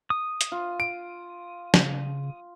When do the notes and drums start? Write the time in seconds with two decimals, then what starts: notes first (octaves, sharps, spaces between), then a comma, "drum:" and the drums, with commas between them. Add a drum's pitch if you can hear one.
0.10 D#6
0.41 drum: hi-hat
0.52 F4
0.80 D7
1.74 C#3, drum: snare